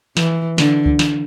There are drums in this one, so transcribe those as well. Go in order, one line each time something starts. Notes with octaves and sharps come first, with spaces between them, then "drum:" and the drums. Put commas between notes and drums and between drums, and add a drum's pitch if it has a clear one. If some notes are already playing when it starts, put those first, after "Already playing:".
E3, drum: snare
D3, drum: snare
drum: kick C#2
drum: snare